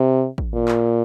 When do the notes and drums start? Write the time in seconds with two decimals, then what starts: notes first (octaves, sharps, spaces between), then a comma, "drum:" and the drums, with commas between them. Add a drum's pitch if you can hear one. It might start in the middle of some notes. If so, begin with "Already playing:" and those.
Already playing: C3
0.38 drum: kick A1
0.53 A#2
0.68 drum: clap